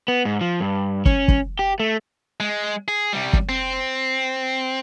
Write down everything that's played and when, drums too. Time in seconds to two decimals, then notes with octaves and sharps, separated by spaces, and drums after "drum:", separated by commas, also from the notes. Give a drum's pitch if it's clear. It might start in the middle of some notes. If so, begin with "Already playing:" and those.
0.08 B3
0.25 G#2
0.41 F3
0.61 G2
1.05 C#4, drum: kick
1.28 drum: kick
1.59 G4
1.80 A3
2.40 G#3
2.88 G#4
3.13 C3 G3
3.33 drum: kick
3.49 C4